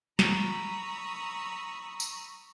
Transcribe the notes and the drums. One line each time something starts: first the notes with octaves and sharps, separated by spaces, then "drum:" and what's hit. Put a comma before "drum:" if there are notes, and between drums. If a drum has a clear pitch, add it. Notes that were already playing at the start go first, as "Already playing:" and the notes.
A#5 B5 C#6 D#6 E6, drum: snare
drum: tambourine